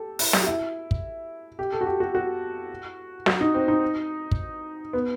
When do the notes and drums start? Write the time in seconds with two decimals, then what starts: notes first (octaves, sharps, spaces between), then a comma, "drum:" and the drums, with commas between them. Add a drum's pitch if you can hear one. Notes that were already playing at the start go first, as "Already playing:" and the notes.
Already playing: G4 A4
0.19 E4, drum: open hi-hat
0.33 G4, drum: snare
0.42 F#4
0.46 E4
0.91 drum: kick
1.59 G4
1.72 A4
1.81 F#4
1.86 G4
2.00 F#4
2.15 F#4
3.26 F#4, drum: snare
3.41 D#4
3.54 C4
3.68 D#4
4.31 drum: kick
4.93 B3